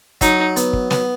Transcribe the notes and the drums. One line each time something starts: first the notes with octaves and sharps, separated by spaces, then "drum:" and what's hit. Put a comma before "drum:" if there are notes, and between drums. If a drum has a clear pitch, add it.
F#3 D#4, drum: kick, hi-hat
B3, drum: hi-hat
drum: kick
B3, drum: snare